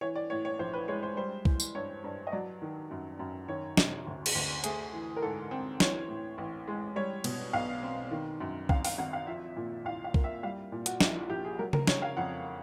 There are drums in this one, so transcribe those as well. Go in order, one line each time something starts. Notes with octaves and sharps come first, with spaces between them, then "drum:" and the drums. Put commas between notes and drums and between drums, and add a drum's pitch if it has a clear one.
E3 C#5
D5
A2 C#5
C#5
A#1 C5
B4
G#3 C#5
C5
G3 C5
E3, drum: kick
drum: tambourine
G2 C#5
G2
D#5
F#3 D5
D#3
F#2
F#2
D#3 C#5
C3, drum: snare
D2
drum: cymbal
D2
A3 G#4, drum: hi-hat
E3
A#4
G#2 A4
C4
E3 C#5, drum: snare
A2
A1
G#3
G3 C#5
B2, drum: cymbal
B1 F5
C4
D#3
F#2
G#1 F5, drum: kick
F5, drum: open hi-hat
G#1 F#5
F5
F3 E5
A#2
C2 F5
F5
A#3, drum: kick
E5
G3 F5
A#2
F#4, drum: hi-hat
A#1 E4, drum: snare
F4
A#1 G4
G#4
F#3 A#4
A#4, drum: tom C#3
C#3 C#5, drum: snare
F5
F2 F#5